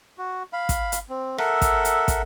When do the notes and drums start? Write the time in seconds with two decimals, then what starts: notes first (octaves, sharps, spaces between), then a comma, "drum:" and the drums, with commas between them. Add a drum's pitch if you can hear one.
0.18 F#4
0.53 F5 B5
0.69 drum: kick, hi-hat
0.92 drum: hi-hat
1.09 C4
1.38 A4 A#4 E5 F#5, drum: rim click
1.62 drum: kick, hi-hat
1.85 drum: hi-hat
2.08 drum: kick, hi-hat